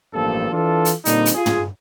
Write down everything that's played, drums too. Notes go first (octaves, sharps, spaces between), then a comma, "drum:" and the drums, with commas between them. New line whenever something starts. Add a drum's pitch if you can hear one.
A1 G2 F3 A#3 G4 A4
E3 D4 F4 A4
drum: hi-hat
A#2 D3 G3 C4 D#4, drum: hi-hat
drum: hi-hat
F4 G#4
drum: tom